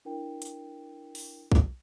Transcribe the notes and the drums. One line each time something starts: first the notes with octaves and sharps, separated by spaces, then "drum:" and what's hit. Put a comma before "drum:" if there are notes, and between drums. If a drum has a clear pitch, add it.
D4 E4 A#4 G5
drum: hi-hat
drum: open hi-hat
drum: kick